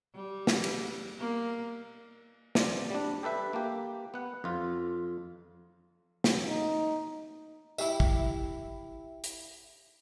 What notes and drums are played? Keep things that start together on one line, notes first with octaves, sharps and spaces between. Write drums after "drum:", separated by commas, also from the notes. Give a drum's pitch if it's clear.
G3
drum: snare
drum: cymbal
A#3
C4 D5, drum: snare
G3 D4
G4 A4 B4 E5
A#3 G4
B3 F#5
F2 F4
drum: snare
D#4
E4 G4 E5, drum: tambourine
drum: kick
drum: hi-hat